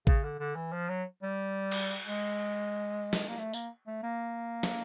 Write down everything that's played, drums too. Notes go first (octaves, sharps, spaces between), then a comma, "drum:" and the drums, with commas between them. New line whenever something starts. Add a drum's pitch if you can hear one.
C#3, drum: kick A1
D3
D3
E3
F3
F#3
G3
drum: cymbal
G#3
drum: snare
A#3
A3
A#3, drum: tambourine
A3
A#3
drum: snare